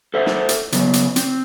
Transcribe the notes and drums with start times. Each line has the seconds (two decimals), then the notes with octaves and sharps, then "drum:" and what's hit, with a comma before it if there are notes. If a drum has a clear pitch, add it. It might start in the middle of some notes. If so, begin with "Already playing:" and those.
0.14 A4 C5 E5
0.26 drum: snare
0.49 drum: hi-hat
0.72 C#3 F#3 B3, drum: hi-hat
0.93 drum: hi-hat
1.16 C4, drum: hi-hat